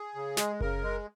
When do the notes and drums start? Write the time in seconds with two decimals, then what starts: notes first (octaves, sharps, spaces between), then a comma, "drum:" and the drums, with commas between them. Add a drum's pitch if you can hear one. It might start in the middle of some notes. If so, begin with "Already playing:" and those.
Already playing: G#4
0.15 C#3
0.37 G#3, drum: snare
0.61 C#3 A#4, drum: kick F#1
0.83 G#3